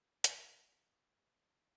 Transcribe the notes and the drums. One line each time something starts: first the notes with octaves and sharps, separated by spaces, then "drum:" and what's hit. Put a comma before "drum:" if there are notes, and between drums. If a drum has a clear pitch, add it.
A4 F5 F#5, drum: hi-hat